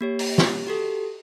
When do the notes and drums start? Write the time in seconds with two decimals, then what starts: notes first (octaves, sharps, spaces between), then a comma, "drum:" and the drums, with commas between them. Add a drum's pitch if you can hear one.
0.01 A#3 G4 C#5
0.19 drum: open hi-hat
0.38 drum: snare
0.67 F#4 G4 A4